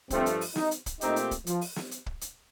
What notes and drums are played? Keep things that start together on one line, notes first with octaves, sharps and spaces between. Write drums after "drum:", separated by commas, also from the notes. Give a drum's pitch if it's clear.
G2 F3 A3 C4, drum: kick, hi-hat
drum: hi-hat
drum: open hi-hat
D#4, drum: snare
drum: hi-hat
drum: kick, hi-hat
A#2 A3 C4 D#4 G4, drum: hi-hat
drum: hi-hat
drum: kick, hi-hat
F3, drum: hi-hat
drum: open hi-hat
drum: snare
drum: hi-hat
drum: kick
drum: hi-hat